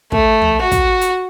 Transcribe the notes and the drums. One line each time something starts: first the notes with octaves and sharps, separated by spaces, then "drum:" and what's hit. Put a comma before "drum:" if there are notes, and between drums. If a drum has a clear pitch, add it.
A3, drum: kick
drum: tom
F#4
drum: kick, hi-hat
drum: hi-hat